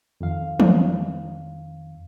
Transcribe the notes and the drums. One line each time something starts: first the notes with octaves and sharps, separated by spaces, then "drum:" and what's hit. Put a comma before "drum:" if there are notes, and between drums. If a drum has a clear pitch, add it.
F2 D#3 F5
drum: tom E3